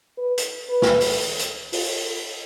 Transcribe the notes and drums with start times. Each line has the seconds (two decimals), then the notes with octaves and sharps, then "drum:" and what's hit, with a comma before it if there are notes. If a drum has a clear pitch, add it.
0.18 B4
0.38 drum: hi-hat
0.69 B4
0.82 drum: snare
1.00 drum: open hi-hat
1.39 drum: hi-hat
1.73 F4, drum: open hi-hat